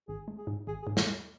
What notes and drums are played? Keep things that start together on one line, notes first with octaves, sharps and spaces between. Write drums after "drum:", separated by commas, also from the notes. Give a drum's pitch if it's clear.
G#1 G#4
G#3
G#4
G#2
G#1 G#4
G#4
G#2
F4, drum: snare
G#3